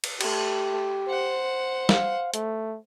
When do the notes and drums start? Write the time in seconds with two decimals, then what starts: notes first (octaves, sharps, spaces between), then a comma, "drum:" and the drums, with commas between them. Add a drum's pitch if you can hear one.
0.04 drum: cymbal
0.21 A3 G4, drum: cymbal
1.08 C5 F#5
1.89 F5, drum: snare
2.34 A3, drum: hi-hat